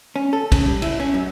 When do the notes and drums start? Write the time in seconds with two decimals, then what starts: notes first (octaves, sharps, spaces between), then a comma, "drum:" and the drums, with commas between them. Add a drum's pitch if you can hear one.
0.16 C#4
0.33 A4
0.52 C#3, drum: kick, cymbal
0.66 G2
0.82 E4, drum: cymbal
1.00 C#4
1.14 F#2